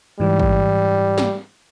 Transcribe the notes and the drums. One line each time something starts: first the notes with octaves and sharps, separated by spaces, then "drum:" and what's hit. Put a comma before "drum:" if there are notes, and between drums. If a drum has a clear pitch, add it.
G#2 E3 G3
drum: kick
drum: snare